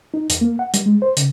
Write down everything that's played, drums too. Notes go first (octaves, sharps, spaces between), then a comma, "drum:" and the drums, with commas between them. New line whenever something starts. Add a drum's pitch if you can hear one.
D#4
E2, drum: hi-hat
A#3
F#5
G3, drum: hi-hat
G#3
C5
C#3, drum: hi-hat